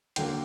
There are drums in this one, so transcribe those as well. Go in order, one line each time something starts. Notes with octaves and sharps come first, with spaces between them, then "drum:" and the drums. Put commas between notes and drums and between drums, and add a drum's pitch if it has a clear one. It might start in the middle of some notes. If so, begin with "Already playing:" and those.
D#2 D3 F#3 A#3 G5, drum: hi-hat